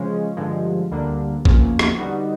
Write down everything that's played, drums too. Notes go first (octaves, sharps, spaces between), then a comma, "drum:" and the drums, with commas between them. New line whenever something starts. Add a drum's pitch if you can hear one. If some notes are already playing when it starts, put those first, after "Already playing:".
Already playing: C#3 F3 G#3 C#4
G2 D3 F3 G#3
D2 D3 G3 A#3 D4
E2 C#3 F3 A#3 C#4, drum: kick A1
drum: rim click
D3 G3 B3 D#4 F#4